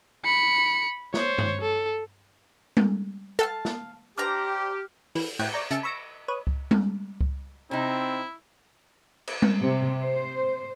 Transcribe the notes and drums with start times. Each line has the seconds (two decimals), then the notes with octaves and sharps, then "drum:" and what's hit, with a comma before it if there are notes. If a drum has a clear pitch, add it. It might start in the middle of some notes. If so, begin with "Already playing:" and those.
0.25 B5 C#7
1.14 C5 C#5, drum: snare
1.38 drum: tom G2
1.61 A4
2.77 drum: tom G3
3.39 A4 F5 G5 A5
3.65 drum: snare
4.18 D4 G4 C5 A#5 D6 F6
5.15 E3, drum: open hi-hat
5.39 A2 F#5 G5 G#6, drum: cymbal
5.51 D5 A#5 C#6 G6
5.71 C#3 E5 A5 C#7, drum: hi-hat
5.83 B5 C#6 E6 A#6 D7
6.28 B4 C#5 D#6
6.47 drum: kick C#2
6.71 drum: tom G3
7.21 drum: kick C#2
7.71 C3 C4 D#4 E4
9.27 drum: cymbal
9.42 drum: tom G3
9.62 C3
10.02 C5